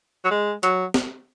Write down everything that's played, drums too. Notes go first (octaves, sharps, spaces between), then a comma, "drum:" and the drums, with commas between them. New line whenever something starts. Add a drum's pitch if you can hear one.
F#3
G#3
F#3, drum: hi-hat
drum: snare